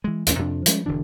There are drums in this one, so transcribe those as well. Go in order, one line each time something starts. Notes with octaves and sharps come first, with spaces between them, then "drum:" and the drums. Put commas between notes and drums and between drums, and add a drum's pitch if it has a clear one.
E3 G#3
A1 D#2 A#3 C#4, drum: hi-hat
F2 C3 D4
F3 G3 G#3 C#4, drum: hi-hat
E1 D3 E3 D4